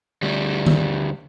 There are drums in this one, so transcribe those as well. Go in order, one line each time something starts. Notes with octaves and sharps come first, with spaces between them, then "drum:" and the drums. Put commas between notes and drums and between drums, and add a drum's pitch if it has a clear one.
D2 G3
drum: tom D#3